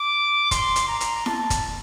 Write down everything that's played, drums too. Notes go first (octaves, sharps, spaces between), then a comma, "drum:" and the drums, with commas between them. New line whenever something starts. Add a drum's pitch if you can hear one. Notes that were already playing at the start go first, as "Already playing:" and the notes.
Already playing: D6
C6, drum: kick, hi-hat
drum: hi-hat
A#5
drum: hi-hat
A5, drum: snare E4
drum: kick, hi-hat